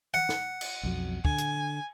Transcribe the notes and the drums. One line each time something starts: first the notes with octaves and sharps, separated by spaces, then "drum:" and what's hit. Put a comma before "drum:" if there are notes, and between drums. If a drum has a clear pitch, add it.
F#5
drum: snare
drum: cymbal
B1 F2 F#3
D3 G#5, drum: kick
drum: hi-hat